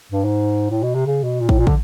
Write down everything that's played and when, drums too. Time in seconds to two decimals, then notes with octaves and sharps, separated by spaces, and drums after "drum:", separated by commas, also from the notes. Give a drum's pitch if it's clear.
0.12 G2
0.25 G#2
0.70 A2
0.83 B2
0.95 C3
1.06 C#3
1.24 B2
1.41 A#2
1.49 A2, drum: kick
1.59 A#2
1.67 D3, drum: kick